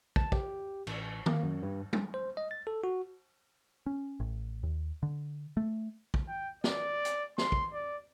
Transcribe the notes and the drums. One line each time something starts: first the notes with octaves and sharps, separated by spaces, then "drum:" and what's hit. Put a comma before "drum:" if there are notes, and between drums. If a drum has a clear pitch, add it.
A5, drum: kick
G4, drum: kick
A1, drum: cymbal
A#3, drum: tom D#3
F#2
G2
drum: tom G3
C5
D#5
A6
A4
F#4
C#4
A1
D#2
D3
A3
drum: kick
G5
D5, drum: snare
drum: hi-hat
C6, drum: snare
drum: kick
D5